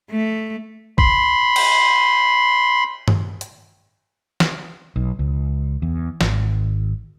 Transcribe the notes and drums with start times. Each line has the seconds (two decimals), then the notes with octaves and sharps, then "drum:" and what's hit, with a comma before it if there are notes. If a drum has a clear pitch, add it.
0.11 A3
0.98 B5 C6, drum: kick
1.56 drum: cymbal
3.08 drum: tom G2
3.41 drum: hi-hat
4.40 drum: snare
4.96 B1
5.19 C#2
5.82 E2
6.21 G#1, drum: snare